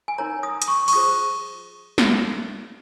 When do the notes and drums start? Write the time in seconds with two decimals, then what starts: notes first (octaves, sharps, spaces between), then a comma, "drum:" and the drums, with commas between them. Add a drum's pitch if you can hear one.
0.08 G#5
0.18 D#4 A#4 C#5 A#5
0.43 D#6
0.62 D#6, drum: hi-hat
0.68 C#6
0.88 C#6, drum: cymbal
0.93 F4 G#4 C5 D#6
1.98 drum: snare